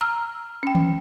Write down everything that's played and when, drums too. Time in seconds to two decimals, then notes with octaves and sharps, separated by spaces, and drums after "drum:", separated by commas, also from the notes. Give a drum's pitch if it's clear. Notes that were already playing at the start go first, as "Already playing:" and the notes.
0.01 A#5 E6 F6
0.63 C#4 G5
0.75 drum: tom D#3